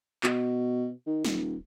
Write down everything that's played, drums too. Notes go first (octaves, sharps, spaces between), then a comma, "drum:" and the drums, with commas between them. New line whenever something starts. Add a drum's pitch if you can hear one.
B2, drum: clap
D#3
D#1, drum: snare